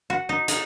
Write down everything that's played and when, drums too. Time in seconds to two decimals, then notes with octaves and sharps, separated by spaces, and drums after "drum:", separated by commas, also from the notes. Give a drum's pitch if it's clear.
0.10 F#4
0.29 D#4
0.48 D#4, drum: hi-hat